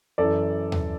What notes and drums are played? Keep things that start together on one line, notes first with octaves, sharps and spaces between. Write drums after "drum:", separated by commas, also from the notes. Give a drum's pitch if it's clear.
F#2 E3 A4 D5
drum: tom D#2